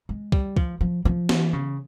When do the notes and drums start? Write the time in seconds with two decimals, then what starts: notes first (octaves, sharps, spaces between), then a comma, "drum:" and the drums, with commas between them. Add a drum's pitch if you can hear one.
0.09 G#3
0.32 G3, drum: kick
0.57 F3, drum: kick
0.81 F3
1.05 F3
1.29 E3, drum: snare
1.53 C#3